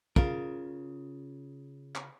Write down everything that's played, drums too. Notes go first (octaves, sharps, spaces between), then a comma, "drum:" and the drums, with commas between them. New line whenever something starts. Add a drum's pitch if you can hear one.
C#3 F4 A#4, drum: kick
drum: clap